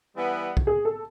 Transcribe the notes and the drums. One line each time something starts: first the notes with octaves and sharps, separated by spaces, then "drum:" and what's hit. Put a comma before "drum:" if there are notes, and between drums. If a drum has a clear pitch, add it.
E3 G3 B3
drum: kick
G#4
A4